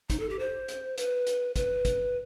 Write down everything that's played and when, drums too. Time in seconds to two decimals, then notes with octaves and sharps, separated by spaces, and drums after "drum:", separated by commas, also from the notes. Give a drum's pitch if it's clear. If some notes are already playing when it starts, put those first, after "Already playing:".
0.10 D#4, drum: kick, hi-hat
0.20 A4
0.30 G4
0.39 C5
0.68 drum: hi-hat
0.98 B4, drum: hi-hat
1.27 drum: hi-hat
1.56 B4, drum: kick, hi-hat
1.85 drum: kick, hi-hat